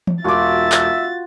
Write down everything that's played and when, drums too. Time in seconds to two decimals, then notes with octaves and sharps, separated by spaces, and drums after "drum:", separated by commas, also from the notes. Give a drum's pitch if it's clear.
0.07 drum: tom E3
0.24 E1 F4 F#4 E5 D6 A6
0.72 drum: clap